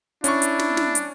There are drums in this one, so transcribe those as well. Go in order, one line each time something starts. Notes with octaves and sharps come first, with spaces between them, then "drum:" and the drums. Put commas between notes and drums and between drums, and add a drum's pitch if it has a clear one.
C#4 D4 E4 C#6, drum: hi-hat
drum: hi-hat
drum: snare
drum: snare
drum: hi-hat